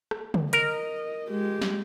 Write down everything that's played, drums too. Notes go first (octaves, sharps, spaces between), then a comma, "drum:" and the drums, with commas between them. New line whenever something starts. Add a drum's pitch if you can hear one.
drum: rim click
drum: tom
A#4 D#5, drum: hi-hat
G#3 G4
drum: snare